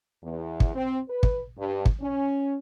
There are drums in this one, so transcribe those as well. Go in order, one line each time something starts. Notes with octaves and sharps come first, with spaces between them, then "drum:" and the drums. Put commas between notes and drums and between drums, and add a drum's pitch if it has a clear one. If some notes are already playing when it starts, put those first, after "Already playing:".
E2
drum: kick
C4
B4
drum: kick
G2
drum: kick
C#4